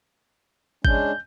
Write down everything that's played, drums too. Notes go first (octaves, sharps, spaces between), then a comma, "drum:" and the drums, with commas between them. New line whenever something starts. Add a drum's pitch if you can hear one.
G#3 C#4 D4 G6, drum: kick